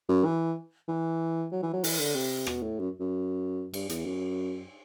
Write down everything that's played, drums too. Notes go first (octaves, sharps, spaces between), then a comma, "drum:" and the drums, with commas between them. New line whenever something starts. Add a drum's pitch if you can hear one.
F#2
E3
E3
F#3
E3
F#3
E3, drum: open hi-hat
D3
C3
B2, drum: rim click
A2
F#2
F#2
G2, drum: cymbal
E2, drum: hi-hat
F#2